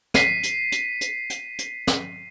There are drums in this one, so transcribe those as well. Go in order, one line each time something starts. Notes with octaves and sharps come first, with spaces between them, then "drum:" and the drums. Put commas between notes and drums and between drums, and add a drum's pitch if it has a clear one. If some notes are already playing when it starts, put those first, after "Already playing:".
B6 C7 D#7, drum: snare
drum: hi-hat
drum: hi-hat
drum: hi-hat
drum: hi-hat
drum: hi-hat
drum: snare